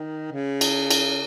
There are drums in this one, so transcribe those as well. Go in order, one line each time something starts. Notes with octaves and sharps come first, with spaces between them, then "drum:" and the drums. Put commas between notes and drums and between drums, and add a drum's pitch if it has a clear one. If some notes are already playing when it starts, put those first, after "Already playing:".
Already playing: D#3
C#3
drum: cymbal
drum: cymbal